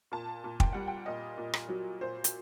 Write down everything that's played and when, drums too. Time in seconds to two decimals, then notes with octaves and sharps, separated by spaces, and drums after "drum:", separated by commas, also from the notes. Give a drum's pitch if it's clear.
0.12 A#2 A5
0.44 A#2
0.60 G5, drum: kick
0.73 G3 F#5
0.88 G5
1.06 A#2 D#5
1.38 A#2
1.53 drum: rim click
1.69 F#3
2.01 A#2 C5
2.24 drum: hi-hat